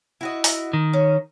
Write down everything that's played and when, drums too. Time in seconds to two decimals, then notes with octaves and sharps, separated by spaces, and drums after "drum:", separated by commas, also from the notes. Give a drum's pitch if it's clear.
0.21 E4 F#4 D#5
0.44 drum: open hi-hat
0.73 D#3
0.93 C#4